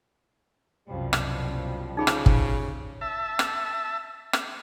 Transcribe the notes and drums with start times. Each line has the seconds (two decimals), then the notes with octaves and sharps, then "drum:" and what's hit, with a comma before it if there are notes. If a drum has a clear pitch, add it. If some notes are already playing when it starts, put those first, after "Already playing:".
0.89 C2 F#2 B2 F3 G3
1.13 drum: rim click
1.97 C#3 D#4 G#4 B5
2.07 drum: rim click
2.26 drum: kick
3.01 E5 A5
3.39 drum: rim click
4.33 drum: rim click